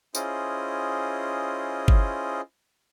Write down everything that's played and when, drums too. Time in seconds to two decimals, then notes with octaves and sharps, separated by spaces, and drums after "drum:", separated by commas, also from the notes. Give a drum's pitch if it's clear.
0.15 C#4 E4 F4 G#4 C5 D#5, drum: tambourine
1.88 drum: kick G1